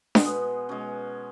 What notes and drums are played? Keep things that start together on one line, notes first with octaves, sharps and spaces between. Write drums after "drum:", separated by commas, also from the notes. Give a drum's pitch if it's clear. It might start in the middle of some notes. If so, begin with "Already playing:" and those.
B2 G#3 B3, drum: snare D4
B2 G#3 C#4